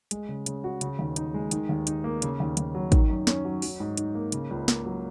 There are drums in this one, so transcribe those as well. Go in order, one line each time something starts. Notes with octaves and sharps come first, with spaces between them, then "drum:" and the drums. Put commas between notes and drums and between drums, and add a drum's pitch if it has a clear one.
G#3, drum: hi-hat
C#3
C#3, drum: hi-hat
F#4
C#3, drum: hi-hat
D#2
D#4, drum: hi-hat
G#3
D#3, drum: hi-hat
D#2
D#4, drum: hi-hat
A#3
C#3, drum: hi-hat
D#2
D#2, drum: hi-hat
F#3
D#3, drum: kick, hi-hat
F#2
C#4, drum: snare
F#3
F#3, drum: open hi-hat
G#2
D#4, drum: hi-hat
A#3
C#3, drum: hi-hat
C#2
A#3, drum: snare
F#3